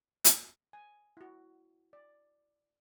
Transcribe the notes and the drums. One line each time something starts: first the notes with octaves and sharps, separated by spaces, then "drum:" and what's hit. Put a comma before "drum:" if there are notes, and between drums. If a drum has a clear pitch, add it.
drum: hi-hat
G#5
E4 F#4
D5